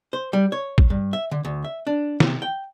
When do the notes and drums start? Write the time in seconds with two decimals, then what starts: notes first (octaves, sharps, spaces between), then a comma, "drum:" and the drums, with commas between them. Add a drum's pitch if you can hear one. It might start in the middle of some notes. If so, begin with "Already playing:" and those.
0.13 C5
0.33 G3
0.52 C#5
0.78 drum: kick
0.90 G2
1.13 E5
1.31 D3
1.45 D2
1.64 E5
1.87 D4
2.20 C3, drum: snare
2.42 G5